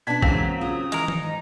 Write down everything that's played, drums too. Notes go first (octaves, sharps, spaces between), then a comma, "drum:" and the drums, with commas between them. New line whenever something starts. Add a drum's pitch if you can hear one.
B2 D4 D5 A5 G#6 B6
G#2 C#3 E3 F#3 A#3 C4 F5, drum: kick A#1
C#3 F4 D#6
E3 G#3 A#4, drum: hi-hat
D#4, drum: tom D#3
G#2 A#5